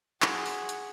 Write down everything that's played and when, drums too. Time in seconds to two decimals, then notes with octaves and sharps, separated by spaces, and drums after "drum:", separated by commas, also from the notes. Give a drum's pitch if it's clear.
0.22 F#4 G#4, drum: clap
0.46 drum: open hi-hat
0.69 drum: hi-hat